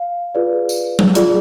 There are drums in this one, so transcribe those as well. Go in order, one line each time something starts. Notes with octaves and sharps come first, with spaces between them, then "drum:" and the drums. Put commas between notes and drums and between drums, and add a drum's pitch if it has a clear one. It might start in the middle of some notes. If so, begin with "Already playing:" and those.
Already playing: F5
F4 G#4 B4 D5
drum: tambourine
drum: tom F#3
F4 G#4 D5, drum: hi-hat